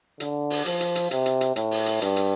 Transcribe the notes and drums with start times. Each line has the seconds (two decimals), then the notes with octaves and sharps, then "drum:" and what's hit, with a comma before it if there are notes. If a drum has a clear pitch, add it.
0.20 D3, drum: hi-hat
0.50 drum: open hi-hat
0.66 F3, drum: hi-hat
0.80 drum: hi-hat
0.96 drum: hi-hat
1.11 C3, drum: hi-hat
1.26 drum: hi-hat
1.41 drum: hi-hat
1.56 A2, drum: hi-hat
1.71 drum: open hi-hat
1.86 drum: hi-hat
2.02 G2, drum: hi-hat
2.16 drum: hi-hat